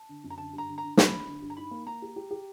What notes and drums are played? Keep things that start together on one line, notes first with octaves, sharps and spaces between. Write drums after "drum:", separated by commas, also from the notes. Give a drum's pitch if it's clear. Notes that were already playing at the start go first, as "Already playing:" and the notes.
Already playing: A5
D3
F#2
A#5
D3 A5
G2
A#5
D3
A#5
D3
D3 B5, drum: snare
D3
D3
G2
A#5
D#4 B5
A#3
A#3 A#5
G4
G4
G4